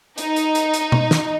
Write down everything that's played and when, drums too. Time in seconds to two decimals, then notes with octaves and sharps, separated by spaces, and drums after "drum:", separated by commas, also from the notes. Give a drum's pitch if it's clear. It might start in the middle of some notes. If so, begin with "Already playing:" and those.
0.18 D#4, drum: hi-hat
0.36 drum: hi-hat
0.55 drum: hi-hat
0.74 drum: hi-hat
0.92 drum: tom B2
1.11 drum: snare